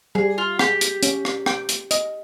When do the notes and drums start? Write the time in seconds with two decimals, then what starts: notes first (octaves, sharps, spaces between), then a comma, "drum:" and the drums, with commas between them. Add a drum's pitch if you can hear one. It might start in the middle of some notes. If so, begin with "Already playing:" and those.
0.15 G3 G#4
0.38 F4
0.59 G4 G#4, drum: rim click
0.81 drum: hi-hat
1.03 C#4, drum: hi-hat
1.25 drum: rim click
1.46 G5, drum: rim click
1.69 drum: hi-hat
1.91 D#5, drum: hi-hat